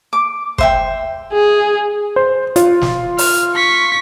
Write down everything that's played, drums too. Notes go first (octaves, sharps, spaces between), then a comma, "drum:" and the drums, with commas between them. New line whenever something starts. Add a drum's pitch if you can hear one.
D6
C5 E5 G5, drum: kick
G#4
C5
F4, drum: hi-hat
drum: snare
F6, drum: open hi-hat
C#6 B6